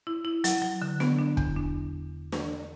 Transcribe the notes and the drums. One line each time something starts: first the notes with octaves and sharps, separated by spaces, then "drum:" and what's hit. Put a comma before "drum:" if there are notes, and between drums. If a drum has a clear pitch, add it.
E4
E4
F#3, drum: hi-hat
F#3
D3
B3, drum: snare
D4
E2, drum: kick
D4
drum: snare